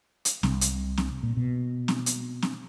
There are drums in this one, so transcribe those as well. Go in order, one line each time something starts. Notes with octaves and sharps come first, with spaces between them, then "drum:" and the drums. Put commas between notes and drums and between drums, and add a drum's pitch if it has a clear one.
drum: hi-hat
C2, drum: snare C4
drum: hi-hat
drum: snare C4
A#2
B2
drum: snare C4
drum: hi-hat
drum: snare C4